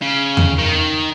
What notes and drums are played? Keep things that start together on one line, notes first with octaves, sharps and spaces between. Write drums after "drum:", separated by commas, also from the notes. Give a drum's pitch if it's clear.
C#3
drum: tom E2
D#3